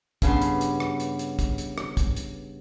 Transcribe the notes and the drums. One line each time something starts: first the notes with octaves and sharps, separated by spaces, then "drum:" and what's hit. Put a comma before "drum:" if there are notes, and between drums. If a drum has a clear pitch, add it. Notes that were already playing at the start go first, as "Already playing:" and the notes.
G2 C#3 B3 A5 C6, drum: kick, hi-hat
drum: hi-hat
drum: hi-hat
drum: rim click
drum: hi-hat
drum: hi-hat
drum: kick, hi-hat
drum: hi-hat
drum: rim click
drum: kick, hi-hat
drum: hi-hat